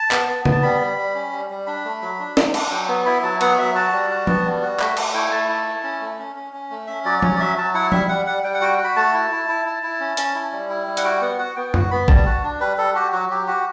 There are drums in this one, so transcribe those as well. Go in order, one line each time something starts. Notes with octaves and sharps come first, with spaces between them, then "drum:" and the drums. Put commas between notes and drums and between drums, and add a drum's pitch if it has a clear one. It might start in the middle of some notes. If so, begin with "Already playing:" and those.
Already playing: A5
B3, drum: clap
B3
B3, drum: tom C#3
A5
G3 B5
G3
G3
C#4
G3
G3
D4 B5
A3
F#3
D4
A3, drum: snare
D4, drum: cymbal
F#3 G5
B3
E4 B5
F#3 A5
B3 F#5, drum: cymbal
F#3 E5
F#4 A5
G3
F#4
B3, drum: tom F3
G3
F#4
A3 B5, drum: clap
A3, drum: cymbal
E4 G5
A3 A5
E4
E4
C#4
A3
C#4
C#4
C#4
A3
C#4 E5
F#3 D5
D5
C#4 C#5, drum: tom F3
D5
F#3 E5
F#3 A5
E4 F#5
G3 E5, drum: tom F3
G3 F#5
G3 F#5
G3 G5
F#5
F#4 G5
F#4
B5
A3 A5
E4
E4
E4
E4
E4
C#4
C#4, drum: hi-hat
E4
G3
E4
G3
F#5, drum: hi-hat
F#4 G5
B3 F#5
F#4 F#5
B3 G5
F#4, drum: tom F#2
B3 B5
G3 A5, drum: kick G#1
F#4
D4
G3 B4
G3 A4
F#4 G4
F#3 F#4
F#3 G4
F#4 G4